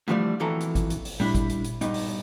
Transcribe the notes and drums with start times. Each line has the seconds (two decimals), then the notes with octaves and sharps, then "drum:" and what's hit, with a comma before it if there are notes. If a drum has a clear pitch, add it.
0.08 A2 D3 E3 F3 G3 A3
0.40 F2 A#2 E3 F#3 A4 A#5
0.60 drum: hi-hat
0.75 drum: kick, hi-hat
0.90 drum: hi-hat
1.05 drum: open hi-hat
1.20 G3 D4 E4, drum: tom A#2
1.35 drum: kick, hi-hat
1.49 drum: hi-hat
1.64 drum: hi-hat
1.81 G2 B2 D#4, drum: hi-hat
1.94 drum: open hi-hat